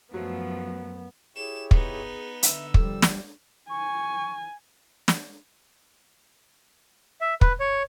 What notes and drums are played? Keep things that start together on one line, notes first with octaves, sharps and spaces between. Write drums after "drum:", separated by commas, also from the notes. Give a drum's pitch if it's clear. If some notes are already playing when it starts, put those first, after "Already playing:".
F#2 F3 F#3 A3 B3
E4 G4 G#4 C#5 E7
B3 D#4, drum: kick
D3 E5 E6, drum: hi-hat
F3 G3 A4, drum: kick
drum: snare
G#5 C#6
drum: snare
E5
B4, drum: kick
C#5